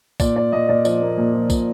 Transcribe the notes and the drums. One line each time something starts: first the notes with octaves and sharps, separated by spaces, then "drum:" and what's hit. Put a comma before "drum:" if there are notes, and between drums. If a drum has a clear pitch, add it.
A#2 D5, drum: kick B1, tambourine
A#2 D5
A#2 D#5
A#2 D5
F3 D5, drum: tambourine
A#3
A#2
F3
A#2, drum: kick B1, tambourine